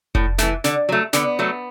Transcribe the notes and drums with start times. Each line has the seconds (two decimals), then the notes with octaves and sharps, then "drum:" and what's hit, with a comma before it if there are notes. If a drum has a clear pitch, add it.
0.15 A2, drum: kick F1
0.38 E3 A3, drum: snare
0.64 D3, drum: snare
0.89 F#3 A3
1.13 D3 B3, drum: snare
1.39 F#3 A3